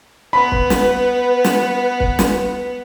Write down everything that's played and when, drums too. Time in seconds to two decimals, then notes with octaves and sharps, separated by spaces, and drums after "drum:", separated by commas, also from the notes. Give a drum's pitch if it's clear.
0.33 B3 B4 B5
0.52 drum: kick
0.70 drum: snare
1.44 drum: snare
2.00 drum: kick
2.19 drum: snare